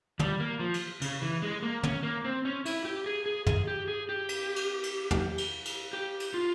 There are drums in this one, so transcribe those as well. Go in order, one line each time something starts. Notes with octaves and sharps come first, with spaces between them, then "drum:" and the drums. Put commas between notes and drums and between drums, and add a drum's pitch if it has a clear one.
G3, drum: tom
A#3
F3
drum: cymbal
C#3, drum: cymbal
E3
G#3
A#3
C#4, drum: tom
A#3
C4
C#4
E4, drum: cymbal
G4
G#4
G#4
G#4, drum: tom
G4
G#4
G4
drum: cymbal
drum: cymbal
drum: cymbal
drum: tom
drum: cymbal
drum: cymbal
G4
drum: cymbal
F4